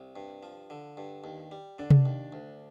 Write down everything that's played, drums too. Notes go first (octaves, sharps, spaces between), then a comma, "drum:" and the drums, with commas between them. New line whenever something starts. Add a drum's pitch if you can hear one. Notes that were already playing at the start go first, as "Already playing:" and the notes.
Already playing: C2
G2
F3
D3
G2
D#2
G3
D3 D4
drum: tom C3
D#2
D2